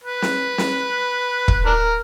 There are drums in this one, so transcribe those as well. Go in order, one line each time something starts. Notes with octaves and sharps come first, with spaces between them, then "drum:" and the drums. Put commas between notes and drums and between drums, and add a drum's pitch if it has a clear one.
B4
drum: snare
drum: snare
drum: kick
D4 A#4